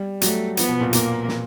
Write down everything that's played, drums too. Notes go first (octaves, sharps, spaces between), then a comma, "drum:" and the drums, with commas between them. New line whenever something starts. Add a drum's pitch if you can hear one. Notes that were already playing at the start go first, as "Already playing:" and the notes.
Already playing: G3
F#3 A3, drum: hi-hat
F3 B3, drum: hi-hat
B2
A#2
A#2 A#3, drum: hi-hat
drum: snare